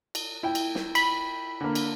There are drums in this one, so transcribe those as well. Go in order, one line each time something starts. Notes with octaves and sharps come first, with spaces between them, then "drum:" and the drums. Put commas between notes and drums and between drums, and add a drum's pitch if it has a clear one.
drum: cymbal
E4 G5
drum: cymbal
drum: snare
B5, drum: cymbal
D3 A#3
drum: cymbal